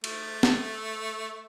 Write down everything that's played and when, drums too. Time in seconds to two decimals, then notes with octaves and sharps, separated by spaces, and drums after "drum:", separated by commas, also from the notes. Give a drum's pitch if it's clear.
0.04 A3, drum: cymbal
0.43 drum: snare